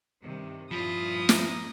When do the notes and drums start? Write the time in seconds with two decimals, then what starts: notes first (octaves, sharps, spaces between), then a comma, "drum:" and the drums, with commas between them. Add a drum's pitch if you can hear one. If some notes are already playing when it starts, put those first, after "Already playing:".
0.23 G2 C3 D#3
0.71 G2 A#2 F3 E4 F4 B5 D#6
1.29 A#5, drum: snare